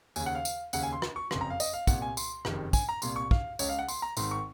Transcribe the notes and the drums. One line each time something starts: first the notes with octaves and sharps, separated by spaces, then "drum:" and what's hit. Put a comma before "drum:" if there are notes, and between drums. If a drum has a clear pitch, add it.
D#2 C#3 G#5, drum: tambourine
F#5
F5
drum: tambourine
D#2 C#3 F#5, drum: tambourine
G#5
C6
drum: rim click
C#6
F#1 F2 C#3 C6, drum: rim click
A#5
F5
D#5, drum: tambourine
F5
C2 A#2 F#5, drum: kick, tambourine
G#5
C6, drum: tambourine
F#1 F2 C3 D#3, drum: rim click
G#5, drum: kick, tambourine
A#5
C2 A#2 C6, drum: tambourine
C#6
F5, drum: kick
C#2 C#3 C#5, drum: tambourine
F5
F#5
C6, drum: tambourine
A#5
G#1 G#2 D#3 C6, drum: tambourine
C#6